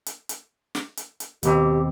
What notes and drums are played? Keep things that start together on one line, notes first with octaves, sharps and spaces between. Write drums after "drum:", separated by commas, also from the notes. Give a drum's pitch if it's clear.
drum: hi-hat
drum: hi-hat
drum: snare
drum: hi-hat
drum: hi-hat
D#2 B2 C4 G4, drum: hi-hat